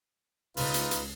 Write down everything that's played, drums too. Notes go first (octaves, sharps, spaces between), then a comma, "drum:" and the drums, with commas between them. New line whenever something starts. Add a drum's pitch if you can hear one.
C#2 D#4 F4 B4, drum: open hi-hat
drum: hi-hat
drum: hi-hat